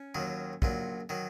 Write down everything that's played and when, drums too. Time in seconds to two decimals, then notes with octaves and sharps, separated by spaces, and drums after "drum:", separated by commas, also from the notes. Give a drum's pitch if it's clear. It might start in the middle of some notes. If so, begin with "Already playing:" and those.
Already playing: C#4
0.15 D#2 D#3 F#3
0.62 A#1 A#2 F#3, drum: kick
1.09 D#3 F#3